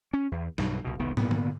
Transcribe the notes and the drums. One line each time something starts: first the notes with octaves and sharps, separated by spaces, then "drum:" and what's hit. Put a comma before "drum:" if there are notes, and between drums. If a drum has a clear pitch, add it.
C#4
E2
B1 G2 B2 F#3, drum: snare
C2 B2
E1 C2 D#3 B3
A#2 B3, drum: tom
drum: tom